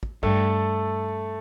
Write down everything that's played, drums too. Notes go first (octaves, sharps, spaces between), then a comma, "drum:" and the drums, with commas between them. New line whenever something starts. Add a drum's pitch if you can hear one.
drum: kick
G2 A3 A4, drum: kick